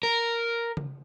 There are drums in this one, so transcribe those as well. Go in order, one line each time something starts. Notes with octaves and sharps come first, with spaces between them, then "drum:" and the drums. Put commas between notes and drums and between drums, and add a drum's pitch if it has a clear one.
A#4
drum: tom C#3